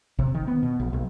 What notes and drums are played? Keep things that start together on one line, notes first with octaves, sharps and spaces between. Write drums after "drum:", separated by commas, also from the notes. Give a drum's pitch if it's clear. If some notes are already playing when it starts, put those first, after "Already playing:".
C3, drum: kick
D#3
B3
B2
A#1
B1